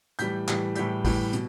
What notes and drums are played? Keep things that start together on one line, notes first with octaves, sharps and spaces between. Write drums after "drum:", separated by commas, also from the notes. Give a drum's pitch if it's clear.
A2 E3 G3 G6 B6, drum: hi-hat
A2 E3 G3, drum: clap
A2 E3 G3 G6 B6, drum: hi-hat
A2 E3 G3, drum: kick G#1, open hi-hat
B2, drum: hi-hat